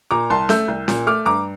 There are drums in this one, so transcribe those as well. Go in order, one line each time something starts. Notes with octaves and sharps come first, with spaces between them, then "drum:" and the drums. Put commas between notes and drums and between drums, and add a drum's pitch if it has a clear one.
A#2 A#5 D6
C2 A5 C6
A3 E6 G6, drum: snare C#4
C2
A#2, drum: snare C#4
A3 D6 F6
G2 A#5 D6